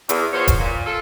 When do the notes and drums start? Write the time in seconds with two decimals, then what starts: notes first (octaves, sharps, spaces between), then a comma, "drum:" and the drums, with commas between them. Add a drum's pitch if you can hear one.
0.09 E2, drum: hi-hat
0.33 F3 B3 C5 C#5
0.48 drum: kick D#1, hi-hat
0.59 A#2
0.86 F4 A4